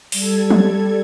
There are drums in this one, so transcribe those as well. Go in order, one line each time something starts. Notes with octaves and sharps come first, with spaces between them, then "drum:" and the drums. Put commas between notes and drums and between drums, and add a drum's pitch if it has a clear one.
G3 A4 G#6, drum: open hi-hat
drum: tom F3